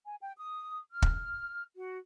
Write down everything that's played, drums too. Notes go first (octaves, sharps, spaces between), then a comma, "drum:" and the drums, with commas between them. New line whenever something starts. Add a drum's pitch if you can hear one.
G#5
G5
D#6
F6
drum: kick
F#4